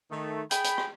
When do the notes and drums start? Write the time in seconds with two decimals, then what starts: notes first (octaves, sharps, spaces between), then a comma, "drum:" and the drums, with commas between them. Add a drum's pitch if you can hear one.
0.11 D#3 A3
0.51 G#4 G5 B5, drum: hi-hat
0.64 drum: hi-hat
0.78 drum: rim click